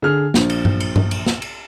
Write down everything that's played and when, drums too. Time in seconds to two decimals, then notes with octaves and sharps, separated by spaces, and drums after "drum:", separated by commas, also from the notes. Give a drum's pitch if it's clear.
0.02 D3 G#4 F6
0.34 A#1, drum: snare
0.50 drum: cymbal
0.65 drum: tom G2
0.80 drum: cymbal
0.96 drum: tom G2
1.11 drum: cymbal
1.26 drum: snare
1.42 drum: cymbal